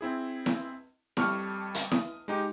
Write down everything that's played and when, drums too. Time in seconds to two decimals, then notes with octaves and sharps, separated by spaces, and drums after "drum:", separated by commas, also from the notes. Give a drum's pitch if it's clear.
0.01 C4 E4 G#4
0.46 drum: snare E4
1.17 F2 G3 A5 C#6 F6, drum: snare E4
1.75 drum: hi-hat
1.92 D#6, drum: snare E4
2.28 G#3 D#4 G4